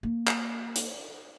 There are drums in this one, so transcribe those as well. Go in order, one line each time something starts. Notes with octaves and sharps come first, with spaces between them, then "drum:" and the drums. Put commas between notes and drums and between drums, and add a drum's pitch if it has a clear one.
A#3
drum: clap
drum: hi-hat